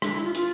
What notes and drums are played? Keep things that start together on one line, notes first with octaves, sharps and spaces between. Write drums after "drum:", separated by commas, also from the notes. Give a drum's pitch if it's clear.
D4, drum: rim click
E4
F4
F4, drum: hi-hat